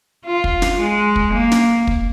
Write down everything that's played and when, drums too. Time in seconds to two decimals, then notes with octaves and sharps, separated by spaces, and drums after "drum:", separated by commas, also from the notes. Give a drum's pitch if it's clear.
0.26 F4
0.44 drum: kick
0.62 drum: snare
0.79 G#3
1.16 drum: kick
1.34 A#3
1.52 drum: snare
1.87 drum: kick